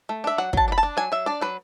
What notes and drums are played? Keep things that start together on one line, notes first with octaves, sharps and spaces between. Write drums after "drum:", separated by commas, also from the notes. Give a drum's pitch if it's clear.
A3
D4 E5
F#3 F#5
F#3 A5, drum: kick
D4
B5
A5
D4
F#3 G#5
F#3 E5
D4 D5
F#3 B4